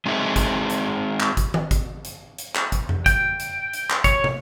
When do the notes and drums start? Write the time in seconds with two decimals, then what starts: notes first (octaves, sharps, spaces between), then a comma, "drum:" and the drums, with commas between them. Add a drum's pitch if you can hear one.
0.06 G#3 C4 D#4 G#4 E5
0.36 drum: kick G#1, hi-hat
0.70 drum: hi-hat
1.20 drum: clap
1.37 drum: kick G#1, hi-hat
1.54 drum: tom D#3
1.71 drum: kick G#1, hi-hat
2.05 drum: hi-hat
2.38 drum: hi-hat
2.55 drum: clap
2.72 drum: kick G#1, hi-hat
2.89 drum: tom F2
3.06 G5, drum: kick G#1, hi-hat
3.40 drum: hi-hat
3.73 drum: hi-hat
3.90 drum: clap
4.04 C#5, drum: kick G#1, hi-hat
4.24 drum: tom